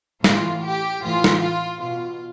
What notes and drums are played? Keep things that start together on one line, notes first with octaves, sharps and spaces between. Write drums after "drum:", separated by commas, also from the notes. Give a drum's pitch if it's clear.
A2 E3 F4, drum: snare
G4
A2 E3 F4
drum: snare
F4
B2 F4